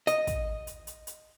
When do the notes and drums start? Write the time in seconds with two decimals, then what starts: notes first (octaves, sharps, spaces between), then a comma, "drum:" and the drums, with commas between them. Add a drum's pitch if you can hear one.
0.07 D#5, drum: hi-hat
0.27 drum: kick, hi-hat
0.67 drum: hi-hat
0.87 drum: hi-hat
1.07 drum: hi-hat